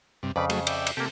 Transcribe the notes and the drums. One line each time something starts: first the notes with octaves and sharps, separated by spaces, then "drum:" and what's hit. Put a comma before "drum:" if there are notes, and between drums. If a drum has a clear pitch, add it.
G2 C3
F2 C#3 B4 D5
F#3 A3 G#4, drum: cymbal
D5 E5 G5, drum: cymbal
drum: cymbal
C3 A#3 G4 A4